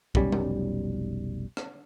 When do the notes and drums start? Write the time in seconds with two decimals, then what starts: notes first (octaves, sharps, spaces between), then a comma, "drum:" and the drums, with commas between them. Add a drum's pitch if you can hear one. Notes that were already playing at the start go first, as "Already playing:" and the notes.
0.15 F1 B1 G3 C#4, drum: kick
0.32 drum: tom G3
1.57 drum: rim click